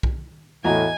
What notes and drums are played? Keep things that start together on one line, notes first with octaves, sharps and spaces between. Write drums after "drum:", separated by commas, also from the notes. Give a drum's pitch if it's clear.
drum: kick
E2 A2 F#4 D#5 G#5 A#5